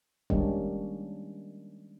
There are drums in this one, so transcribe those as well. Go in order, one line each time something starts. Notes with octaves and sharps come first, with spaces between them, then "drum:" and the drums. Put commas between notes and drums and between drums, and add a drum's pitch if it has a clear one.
D#3 G3 G#3 A#3 C#4 D4, drum: kick F1